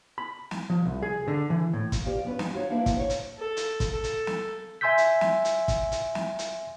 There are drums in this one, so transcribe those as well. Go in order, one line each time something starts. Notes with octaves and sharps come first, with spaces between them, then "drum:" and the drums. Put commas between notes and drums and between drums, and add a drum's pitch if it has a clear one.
B5
drum: snare
F3
C2
G#4
D3
E3
A2
drum: kick, hi-hat
F4 G4 C5 D5
B3 C#4 B4
D#4, drum: snare
F4 F#4 B4 C#5
A#3 D4 E4 F#4 B4
drum: kick, hi-hat
C5 C#5
drum: hi-hat
A4
drum: hi-hat
drum: kick, hi-hat
A4
drum: hi-hat
drum: snare
E5 G#5 C6 E6 G6 B6
drum: hi-hat
drum: snare
drum: hi-hat
drum: kick, hi-hat
drum: hi-hat
drum: snare
drum: hi-hat